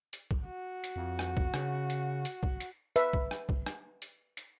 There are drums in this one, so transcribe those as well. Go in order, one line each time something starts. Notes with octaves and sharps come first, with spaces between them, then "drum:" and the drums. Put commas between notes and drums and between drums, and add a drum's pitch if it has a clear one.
drum: hi-hat
drum: kick
F#4
drum: hi-hat
F2
drum: rim click
drum: kick
C#3, drum: rim click
drum: hi-hat
drum: hi-hat
drum: kick
drum: hi-hat
B4 E5, drum: hi-hat
drum: kick
drum: rim click
drum: kick
drum: rim click
drum: hi-hat
drum: hi-hat